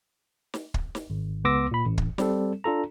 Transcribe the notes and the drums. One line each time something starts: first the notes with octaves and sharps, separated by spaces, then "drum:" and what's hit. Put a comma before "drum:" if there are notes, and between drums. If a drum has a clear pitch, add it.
drum: snare
drum: kick
drum: snare
G#1
C#2 B3 C6 D6 E6 A#6
A#2 B5
A1
drum: kick
G3 C4 A4, drum: snare
D4 F4 A4 A#5